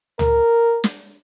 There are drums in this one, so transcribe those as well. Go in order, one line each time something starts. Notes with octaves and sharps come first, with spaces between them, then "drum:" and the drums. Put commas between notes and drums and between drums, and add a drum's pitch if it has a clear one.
A#4, drum: tom C#2
drum: snare